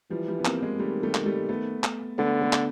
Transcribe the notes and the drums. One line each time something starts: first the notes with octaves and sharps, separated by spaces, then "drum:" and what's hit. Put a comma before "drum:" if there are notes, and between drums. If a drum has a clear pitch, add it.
E3 F3 G3
F3 G3
B3
A#3 C4, drum: clap
G#3 A#3
D#3 G3 A3
G3 A3
drum: clap
G3 A3
A3 B3
drum: clap
D3 A3 B3
A3 B3
drum: clap